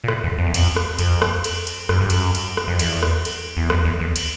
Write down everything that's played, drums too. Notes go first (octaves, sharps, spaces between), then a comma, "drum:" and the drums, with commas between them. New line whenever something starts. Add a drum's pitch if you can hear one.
A#2
A2, drum: rim click
E2
F2
E2
F2, drum: cymbal
drum: rim click
F2, drum: cymbal
drum: rim click
drum: cymbal
drum: cymbal
F#2, drum: rim click
G2
F#2, drum: cymbal
drum: cymbal
drum: rim click
F2
E2, drum: cymbal
drum: rim click
drum: cymbal
E2
F2, drum: rim click
E2
E2
drum: cymbal